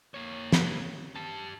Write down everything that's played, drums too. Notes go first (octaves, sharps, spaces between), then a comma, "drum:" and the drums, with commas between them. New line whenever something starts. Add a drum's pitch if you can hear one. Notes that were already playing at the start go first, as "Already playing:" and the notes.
A#3 C#5
drum: snare
G4 A5